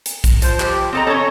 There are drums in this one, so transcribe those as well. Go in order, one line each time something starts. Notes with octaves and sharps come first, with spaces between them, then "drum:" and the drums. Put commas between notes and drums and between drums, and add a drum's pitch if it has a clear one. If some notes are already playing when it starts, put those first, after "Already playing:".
drum: hi-hat
drum: kick, hi-hat
F3 C5, drum: hi-hat
G4, drum: clap
C4 A4 D#5 A#5
C#4 A4 C#5